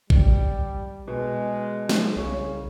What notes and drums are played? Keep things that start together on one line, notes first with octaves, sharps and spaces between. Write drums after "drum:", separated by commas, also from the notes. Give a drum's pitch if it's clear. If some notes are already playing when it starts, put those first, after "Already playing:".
G3, drum: kick A1
B2 G#3
drum: snare
C2 C#3 C#5